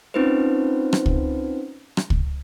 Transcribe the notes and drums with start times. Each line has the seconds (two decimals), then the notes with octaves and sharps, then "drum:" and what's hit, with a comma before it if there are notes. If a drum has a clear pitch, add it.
0.14 C4 C#4 D#4 F4 B4 C5
0.93 drum: rim click
1.06 drum: kick
1.97 drum: rim click
2.10 drum: kick